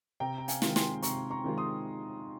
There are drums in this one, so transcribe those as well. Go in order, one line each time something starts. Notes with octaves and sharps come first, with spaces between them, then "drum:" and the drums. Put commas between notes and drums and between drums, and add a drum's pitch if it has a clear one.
C3 G5 A#5
A#5
F5 G#5, drum: hi-hat
D#3 G#3 C4 F4, drum: snare
G#5 C6, drum: snare
C3 A#5 C#6, drum: hi-hat
A#5 C#6
D#3 G#3 C4 F4
C6 D#6